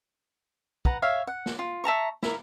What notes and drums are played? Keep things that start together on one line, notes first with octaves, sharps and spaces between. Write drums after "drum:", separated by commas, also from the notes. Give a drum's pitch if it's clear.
B4 F#5 A#5, drum: kick
C#5 E5 F5
F#5
drum: snare
F4
E5 A5 A#5 C#6
E4 A#4, drum: snare